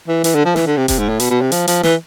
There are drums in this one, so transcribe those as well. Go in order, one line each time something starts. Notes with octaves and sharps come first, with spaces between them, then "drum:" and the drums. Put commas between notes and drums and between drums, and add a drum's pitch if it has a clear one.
E3
E3, drum: hi-hat
D3
F3
E3, drum: snare
D3
C3
C3, drum: kick E1, hi-hat
G#2
A2
B2, drum: hi-hat
B2
C3
F3, drum: hi-hat
F3, drum: hi-hat
E3, drum: snare